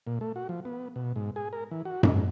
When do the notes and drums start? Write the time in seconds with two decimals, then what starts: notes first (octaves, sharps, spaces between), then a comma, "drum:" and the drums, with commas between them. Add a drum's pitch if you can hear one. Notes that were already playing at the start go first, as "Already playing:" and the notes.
0.07 A#2
0.21 A3
0.36 F#4
0.49 F3
0.65 B3
0.96 B2
1.16 G#2
1.36 G#4
1.53 A#4
1.71 E3
1.85 F#4
2.03 G#2, drum: tom F#2